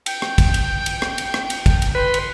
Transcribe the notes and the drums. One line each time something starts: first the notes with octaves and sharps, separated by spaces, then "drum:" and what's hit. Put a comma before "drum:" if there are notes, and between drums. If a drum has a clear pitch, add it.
G5, drum: cymbal
drum: rim click
drum: kick, cymbal
drum: cymbal
drum: cymbal
drum: rim click
drum: cymbal
drum: rim click
drum: cymbal
drum: kick, cymbal
drum: cymbal
B4 C6
drum: cymbal